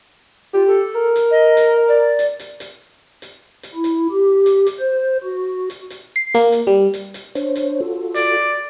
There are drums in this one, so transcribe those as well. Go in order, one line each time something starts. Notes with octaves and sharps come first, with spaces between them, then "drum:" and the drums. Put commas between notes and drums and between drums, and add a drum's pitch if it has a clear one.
F4 G4
A4
A#4
drum: hi-hat
D#5
drum: hi-hat
D5
drum: hi-hat
drum: hi-hat
drum: hi-hat
drum: hi-hat
drum: hi-hat
E4
drum: hi-hat
G4
drum: hi-hat
drum: hi-hat
C5
F#4
drum: hi-hat
drum: hi-hat
C7
A#3, drum: hi-hat
drum: hi-hat
G3
drum: hi-hat
drum: hi-hat
D4 C5 C#5, drum: hi-hat
drum: hi-hat
F4 F#4 A4
D5, drum: hi-hat